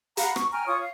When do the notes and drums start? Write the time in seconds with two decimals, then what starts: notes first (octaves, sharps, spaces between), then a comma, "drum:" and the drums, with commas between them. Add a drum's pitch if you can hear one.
0.17 F5 F#5 A#5 B5, drum: hi-hat
0.36 C#6, drum: rim click
0.51 G5 G#5 A#5 F6
0.66 F4 C#5 C#6 D#6
0.79 F5